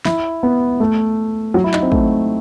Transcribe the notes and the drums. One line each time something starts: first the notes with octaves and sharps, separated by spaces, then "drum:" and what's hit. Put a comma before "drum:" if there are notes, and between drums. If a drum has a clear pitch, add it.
E4, drum: snare
B3
A3
F#3
E4
D#4, drum: clap
C4
A3, drum: kick